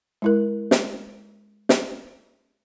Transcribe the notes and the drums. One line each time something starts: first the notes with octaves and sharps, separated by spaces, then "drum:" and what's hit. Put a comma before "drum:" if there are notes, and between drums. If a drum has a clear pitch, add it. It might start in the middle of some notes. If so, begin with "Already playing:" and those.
G#3 E4 A#4
drum: snare
drum: snare